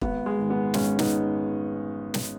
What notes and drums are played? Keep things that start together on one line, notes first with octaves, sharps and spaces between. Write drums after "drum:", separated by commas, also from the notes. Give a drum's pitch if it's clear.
G#1 B3, drum: kick
G#3
G#2 D#3
B3
G#1 G#3 C#4, drum: snare
B3 D#4, drum: snare
drum: snare